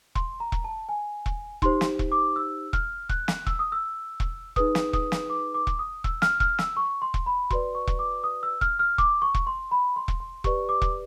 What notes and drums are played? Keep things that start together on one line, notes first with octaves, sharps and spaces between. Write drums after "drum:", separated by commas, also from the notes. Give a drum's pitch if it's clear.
C6, drum: kick E1
A#5
drum: kick E1
A5
G#5
drum: kick E1
D#4 G4 C5 C6, drum: kick E1
drum: snare
drum: kick E1
D6
E6
F6, drum: kick E1
F#6, drum: kick E1
drum: snare
E6, drum: kick E1
D#6
E6
drum: kick E1
D#4 G#4 B4 D#6, drum: kick E1
drum: snare
D#6, drum: kick E1
drum: snare
D6
D6
drum: kick E1
D#6
E6, drum: kick E1
F6, drum: snare
F6, drum: kick E1
E6, drum: snare
C#6
C6
drum: kick E1
B5
F#4 B4 D5 C6, drum: kick E1
C#6
drum: kick E1
D6
D#6
E6
F6, drum: kick E1
F6
D6, drum: kick E1
C#6
drum: kick E1
C6
B5
C6
drum: kick E1
C6
G4 B4 D5 C#6, drum: kick E1
D6
drum: kick E1